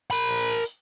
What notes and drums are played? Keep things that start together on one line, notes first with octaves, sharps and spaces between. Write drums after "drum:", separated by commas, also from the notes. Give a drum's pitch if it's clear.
A#4 B5, drum: hi-hat
drum: hi-hat
drum: hi-hat